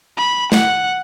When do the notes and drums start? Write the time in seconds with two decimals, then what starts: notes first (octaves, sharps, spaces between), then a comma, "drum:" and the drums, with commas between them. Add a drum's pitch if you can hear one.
0.17 B5
0.52 F#5, drum: snare